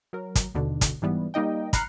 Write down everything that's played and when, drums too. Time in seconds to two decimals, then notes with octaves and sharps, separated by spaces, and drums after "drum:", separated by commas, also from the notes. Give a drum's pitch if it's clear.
0.13 F#3 A#4
0.35 drum: kick, hi-hat
0.55 D#2 B2 D3
0.81 drum: kick, hi-hat
1.02 G#2 E3 G3 B3
1.34 G3 A#3 D#4 D#5 G5
1.73 A#5 B5 F6 F#6 C7 C#7, drum: kick, hi-hat